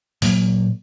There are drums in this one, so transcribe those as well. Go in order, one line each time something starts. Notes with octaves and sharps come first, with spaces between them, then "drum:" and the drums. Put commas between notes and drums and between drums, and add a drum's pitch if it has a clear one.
A#2 F#3 A#3, drum: open hi-hat